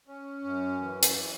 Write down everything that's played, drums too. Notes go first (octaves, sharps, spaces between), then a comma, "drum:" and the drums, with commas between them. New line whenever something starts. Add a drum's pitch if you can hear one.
C#4
F#2
E3
drum: hi-hat